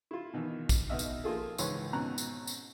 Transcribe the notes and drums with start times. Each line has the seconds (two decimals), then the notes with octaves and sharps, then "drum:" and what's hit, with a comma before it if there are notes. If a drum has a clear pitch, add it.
0.11 E4 F4
0.33 B2 D#3 E3
0.69 drum: kick, tambourine
0.90 B1 B2 D#5 E5 F6
0.99 drum: tambourine
1.24 F3 A#3 F4 G#4 A4
1.58 G#1 C#2 E3 B4 C#5 C6, drum: tambourine
1.93 G#1 B2 C#4 A#5 F#6
2.18 drum: tambourine
2.47 drum: tambourine